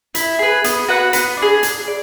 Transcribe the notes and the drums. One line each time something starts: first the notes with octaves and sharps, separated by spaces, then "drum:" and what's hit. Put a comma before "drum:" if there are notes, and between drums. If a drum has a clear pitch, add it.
E4, drum: hi-hat
G#4 B4
B3, drum: hi-hat
F#4 B4 F#5
B3, drum: hi-hat
D4
G#4
G#4, drum: hi-hat
D5